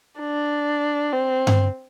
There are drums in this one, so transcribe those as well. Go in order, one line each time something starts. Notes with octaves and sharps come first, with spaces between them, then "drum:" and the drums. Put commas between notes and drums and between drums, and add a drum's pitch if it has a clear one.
D4
C4
drum: tom G2